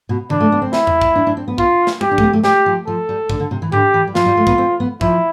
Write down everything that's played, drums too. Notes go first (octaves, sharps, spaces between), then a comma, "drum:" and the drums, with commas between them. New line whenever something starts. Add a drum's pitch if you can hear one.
B2
E3 D4, drum: tom C#3
A3
B3
C4
E4, drum: snare
drum: tom E2
drum: kick
D4
D4
C4
B3
F4, drum: kick
drum: snare
C4 G4, drum: tom G3
D4
A3, drum: kick
B3
A3
G3 G4, drum: snare
F3
F3 A4
G3
D3, drum: kick
D3
C3
E3
D3 G4, drum: tom G#2
E3
G3
F3 F4, drum: snare
G3
A3
B3, drum: kick
C4
B3
F3 E4, drum: kick